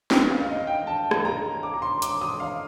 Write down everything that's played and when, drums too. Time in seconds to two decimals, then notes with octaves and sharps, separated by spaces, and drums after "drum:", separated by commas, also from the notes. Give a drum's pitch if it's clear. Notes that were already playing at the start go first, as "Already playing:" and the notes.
0.11 G5, drum: snare
0.30 F5
0.41 F5
0.49 D#5
0.67 G5
0.87 A5
1.11 drum: rim click
1.25 A#5
1.63 D6
1.74 A#5
1.82 C6
2.02 D6, drum: hi-hat
2.21 D#6
2.40 F5